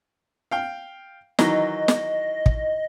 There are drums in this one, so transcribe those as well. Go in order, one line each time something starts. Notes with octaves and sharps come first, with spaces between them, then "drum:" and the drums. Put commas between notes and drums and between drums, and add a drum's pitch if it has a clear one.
F5 G5
D#3 E3 F#3 D#5, drum: snare
drum: snare
drum: kick